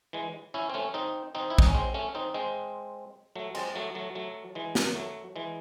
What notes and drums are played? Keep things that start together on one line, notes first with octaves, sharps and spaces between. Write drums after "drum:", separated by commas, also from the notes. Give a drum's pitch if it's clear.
E3 G#3
C#4 E4
C4
A3 C#4
C4 D#4
C4 D#4
E4
D#4, drum: kick A#1
C#4
G#3 C4
A3 C#4
C4 D#4
G#3 C4
F#3 A3
G#3 C4, drum: cymbal
F#3 A3
F#3 A3
F#3 A3
E3 G#3
drum: snare
F#3 A3
E3 G#3